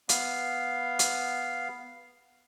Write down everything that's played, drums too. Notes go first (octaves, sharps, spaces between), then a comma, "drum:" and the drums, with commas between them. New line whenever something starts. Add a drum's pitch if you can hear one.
B3 F5, drum: hi-hat
drum: hi-hat